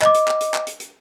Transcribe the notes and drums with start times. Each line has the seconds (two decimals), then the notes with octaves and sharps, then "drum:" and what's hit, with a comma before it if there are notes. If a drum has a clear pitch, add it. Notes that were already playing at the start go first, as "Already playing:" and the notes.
0.02 D#5 D6, drum: clap
0.15 drum: hi-hat
0.28 drum: clap
0.41 drum: hi-hat
0.54 drum: clap
0.67 drum: hi-hat
0.80 drum: hi-hat